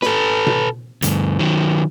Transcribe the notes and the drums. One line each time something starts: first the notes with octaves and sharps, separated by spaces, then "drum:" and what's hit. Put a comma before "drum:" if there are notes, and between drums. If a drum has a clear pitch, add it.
A4 B4, drum: snare
drum: tom B2
D2 G2, drum: hi-hat
D#3 F#3